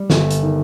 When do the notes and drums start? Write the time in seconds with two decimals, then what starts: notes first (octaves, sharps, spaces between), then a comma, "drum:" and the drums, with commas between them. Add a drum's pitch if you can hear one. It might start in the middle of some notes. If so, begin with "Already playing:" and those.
Already playing: G3
0.10 G1, drum: snare
0.30 drum: hi-hat
0.43 D#3